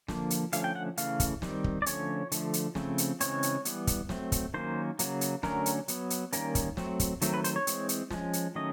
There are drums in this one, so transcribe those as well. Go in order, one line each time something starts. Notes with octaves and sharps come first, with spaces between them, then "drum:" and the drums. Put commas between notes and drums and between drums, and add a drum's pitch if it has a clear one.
D3 F3 A#3, drum: snare
drum: hi-hat
D3 F3 A3 C#4 F5, drum: hi-hat
G5
F#5
C#3 E3 A3 F5, drum: hi-hat
drum: kick, hi-hat
D#3 G3 C4, drum: snare
drum: kick
D5
D3 F3 A3 C#4 C#5, drum: hi-hat
D3 F3 A3, drum: hi-hat
drum: hi-hat
C#3 F3 A3 C4, drum: snare
drum: hi-hat
C#3 E3 G#3 C4 C#5, drum: hi-hat
drum: hi-hat
E3 G3 B3, drum: hi-hat
drum: kick, hi-hat
F#3 A3 C4, drum: snare
drum: kick, hi-hat
D#3 F#3 A#3 C#4 C5
C#3 F#3 A#3, drum: hi-hat
drum: hi-hat
D3 F#3 A3 C#4 A#4, drum: snare
drum: hi-hat
F#3 B3, drum: hi-hat
drum: hi-hat
D#3 G3 A#3 C#4 A#4, drum: hi-hat
drum: kick, hi-hat
F#3 A3 C4, drum: snare
drum: kick, hi-hat
D#3 F#3 A3 C4, drum: hi-hat
B4
C5, drum: hi-hat
C#5
E3 G#3 C4, drum: hi-hat
drum: hi-hat
F3 G#3 C#4, drum: snare
drum: hi-hat
D#3 F#3 A3 C#4 D#5